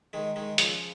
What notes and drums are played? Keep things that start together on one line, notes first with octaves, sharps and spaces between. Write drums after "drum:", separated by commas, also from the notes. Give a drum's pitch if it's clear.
D#3 G#3
D#3 G#3
C#3 F3, drum: hi-hat